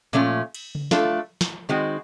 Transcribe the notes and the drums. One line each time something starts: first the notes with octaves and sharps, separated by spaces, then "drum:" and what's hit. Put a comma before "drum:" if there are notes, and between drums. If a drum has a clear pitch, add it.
A#2 F3 A3 C#4
drum: cymbal
drum: tom C#3
A3 D4 F4 A4, drum: snare
drum: snare
D#3 G#3 C4 D#4 F#4